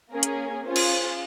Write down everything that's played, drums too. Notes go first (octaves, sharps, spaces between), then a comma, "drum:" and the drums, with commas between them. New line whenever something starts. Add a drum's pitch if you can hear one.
A#3 C#4 G#4 A#4
drum: hi-hat
C#4 F4 G#4 C5
drum: cymbal